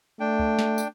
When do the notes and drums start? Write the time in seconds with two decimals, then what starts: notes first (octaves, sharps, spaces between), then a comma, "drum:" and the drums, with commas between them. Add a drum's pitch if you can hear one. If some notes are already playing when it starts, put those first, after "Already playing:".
0.20 A3 D4 G5
0.39 drum: kick
0.59 drum: snare
0.78 drum: tambourine